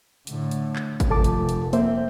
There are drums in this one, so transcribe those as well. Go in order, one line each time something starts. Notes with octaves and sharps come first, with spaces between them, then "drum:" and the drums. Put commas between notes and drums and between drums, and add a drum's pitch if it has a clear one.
A2 D3, drum: hi-hat
drum: hi-hat
drum: clap
drum: kick G#1, hi-hat
F1 A4 A5 D6
drum: hi-hat
drum: hi-hat
A#3 C4 C5 E5, drum: hi-hat